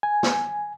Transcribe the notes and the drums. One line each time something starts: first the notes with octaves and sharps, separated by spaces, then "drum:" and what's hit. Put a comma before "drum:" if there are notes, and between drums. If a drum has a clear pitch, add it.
G#5
drum: snare